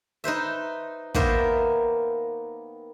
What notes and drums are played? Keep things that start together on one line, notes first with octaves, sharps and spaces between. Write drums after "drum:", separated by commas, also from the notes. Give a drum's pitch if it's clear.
D#4 B4 C5 E5
D#3 A#3 B3 A#4 C5 E5, drum: kick